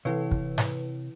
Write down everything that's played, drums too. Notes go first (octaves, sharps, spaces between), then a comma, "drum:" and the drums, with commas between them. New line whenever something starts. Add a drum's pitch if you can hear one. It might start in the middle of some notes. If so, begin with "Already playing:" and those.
C3 E3 E4 B4 C#5 F5
drum: kick
drum: snare G#2